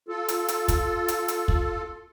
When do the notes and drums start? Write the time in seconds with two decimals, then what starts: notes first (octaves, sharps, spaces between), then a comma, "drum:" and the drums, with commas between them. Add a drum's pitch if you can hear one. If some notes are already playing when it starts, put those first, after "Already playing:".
0.08 F4 A4
0.28 drum: hi-hat
0.48 drum: hi-hat
0.68 drum: kick, hi-hat
1.08 drum: hi-hat
1.28 drum: hi-hat
1.48 drum: kick